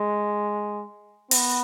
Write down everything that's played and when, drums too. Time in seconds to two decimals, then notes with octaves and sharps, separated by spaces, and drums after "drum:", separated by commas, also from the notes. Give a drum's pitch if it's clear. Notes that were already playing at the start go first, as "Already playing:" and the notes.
Already playing: G#3
1.31 B3, drum: open hi-hat